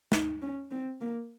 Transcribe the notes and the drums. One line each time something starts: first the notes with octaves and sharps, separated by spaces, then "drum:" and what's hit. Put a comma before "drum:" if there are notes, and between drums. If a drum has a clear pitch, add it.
D#4, drum: snare
C#4
C4
A#3